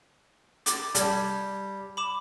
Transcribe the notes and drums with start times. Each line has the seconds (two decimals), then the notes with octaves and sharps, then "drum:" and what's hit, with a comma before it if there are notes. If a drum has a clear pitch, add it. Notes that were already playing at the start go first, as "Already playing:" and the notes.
0.66 D6 A6, drum: hi-hat
0.95 G3 A5 G#6, drum: hi-hat
1.97 B5 D6 E7